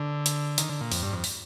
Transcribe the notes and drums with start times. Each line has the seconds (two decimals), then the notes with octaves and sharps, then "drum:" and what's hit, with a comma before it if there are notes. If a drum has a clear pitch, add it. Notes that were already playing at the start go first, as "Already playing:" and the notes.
Already playing: D3
0.26 drum: hi-hat
0.58 D#3, drum: hi-hat
0.69 D3
0.81 A#2
0.92 F2, drum: open hi-hat
1.03 G2
1.12 F2
1.24 drum: open hi-hat